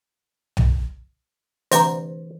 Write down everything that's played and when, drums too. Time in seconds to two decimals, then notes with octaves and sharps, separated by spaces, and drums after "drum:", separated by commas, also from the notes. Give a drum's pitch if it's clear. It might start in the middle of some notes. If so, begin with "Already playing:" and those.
0.57 drum: tom B1
1.71 D2 C3 E3 B4 A#5, drum: hi-hat